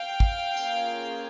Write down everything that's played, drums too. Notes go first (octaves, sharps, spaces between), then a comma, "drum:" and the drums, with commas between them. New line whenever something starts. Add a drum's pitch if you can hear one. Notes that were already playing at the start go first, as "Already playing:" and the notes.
Already playing: F5 G5
drum: kick
A#3 C#4 F4 G#4, drum: tambourine